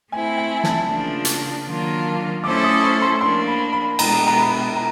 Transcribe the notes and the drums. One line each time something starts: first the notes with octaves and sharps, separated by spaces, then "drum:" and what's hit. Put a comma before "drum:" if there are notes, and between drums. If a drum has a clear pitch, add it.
A3 C4 E4 G#5
G#5
A5, drum: snare
C#3 F3 A#3 D4
drum: hi-hat
D#3 F#3 A#3 D4 F4
A3 C#4 E4 A4 C5 D6
D#6
C#6
C6
F3 A#3 D4 C6
B5
B5
B2 G#3 B3 D4 G4 A#5, drum: cymbal
A#5
B5
A#5